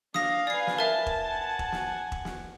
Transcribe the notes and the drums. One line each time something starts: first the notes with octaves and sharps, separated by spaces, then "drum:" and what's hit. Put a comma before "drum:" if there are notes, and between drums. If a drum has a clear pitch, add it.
D4 F5 D#6 A#6, drum: snare
B4 D5 G#5 C7
drum: snare
A#4 E5 A5
drum: kick E1
F#5 G#5
drum: kick E1
drum: snare
drum: kick E1
drum: snare